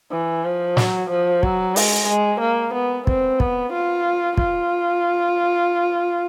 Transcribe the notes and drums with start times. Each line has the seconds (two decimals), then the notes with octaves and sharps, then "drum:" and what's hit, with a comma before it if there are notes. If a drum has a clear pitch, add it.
0.11 E3
0.45 F3
0.77 F#3, drum: snare
1.10 F3
1.43 F#3, drum: kick
1.76 G#3, drum: open hi-hat
2.08 G#3
2.40 A#3
2.74 B3
3.07 C4, drum: kick
3.40 B3, drum: kick
3.73 F4
4.38 F4, drum: kick